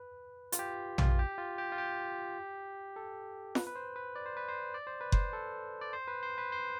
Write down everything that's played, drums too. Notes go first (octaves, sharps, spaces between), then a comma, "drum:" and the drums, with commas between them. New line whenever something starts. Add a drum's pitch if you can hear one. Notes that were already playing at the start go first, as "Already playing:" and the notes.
Already playing: B4
F4, drum: hi-hat
G4
F4, drum: tom A#1
G4
F4
G4
F4
G4
A4
B4, drum: snare
B4
C5
B4
D5
C5
B4
C5
D5
C5
B4
C5, drum: kick F#1
A4
D5
C5
B4
C5
B4
C5